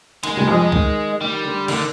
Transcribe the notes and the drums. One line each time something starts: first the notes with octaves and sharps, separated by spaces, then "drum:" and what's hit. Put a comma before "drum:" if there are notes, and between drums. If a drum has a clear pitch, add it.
D#3 G#3, drum: cymbal
G3, drum: tom C3
F2 F3
D#3, drum: kick
D#3 G3
D3
D3 D#3, drum: cymbal